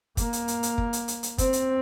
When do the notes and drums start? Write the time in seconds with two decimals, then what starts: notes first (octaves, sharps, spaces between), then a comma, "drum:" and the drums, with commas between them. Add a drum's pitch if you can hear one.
0.17 A#3, drum: kick, hi-hat
0.33 drum: hi-hat
0.48 drum: hi-hat
0.63 drum: hi-hat
0.78 drum: kick
0.93 drum: hi-hat
1.08 drum: hi-hat
1.23 drum: hi-hat
1.38 C4, drum: kick, hi-hat
1.53 drum: hi-hat